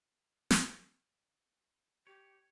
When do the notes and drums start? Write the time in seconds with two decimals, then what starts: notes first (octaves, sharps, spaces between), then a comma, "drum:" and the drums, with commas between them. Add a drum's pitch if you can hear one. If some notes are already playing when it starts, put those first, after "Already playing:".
0.51 drum: snare
2.07 G4 C#5